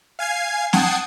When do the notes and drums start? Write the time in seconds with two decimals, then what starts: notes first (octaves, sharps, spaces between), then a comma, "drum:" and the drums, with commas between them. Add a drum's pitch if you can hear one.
0.19 F5 G#5 G#6 C7
0.73 F#5 G5 A5 D#6 G#6 C7, drum: snare